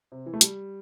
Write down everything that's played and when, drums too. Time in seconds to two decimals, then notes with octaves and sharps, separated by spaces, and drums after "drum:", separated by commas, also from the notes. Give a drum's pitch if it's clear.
0.12 C3
0.26 E3
0.33 A3
0.41 G3, drum: hi-hat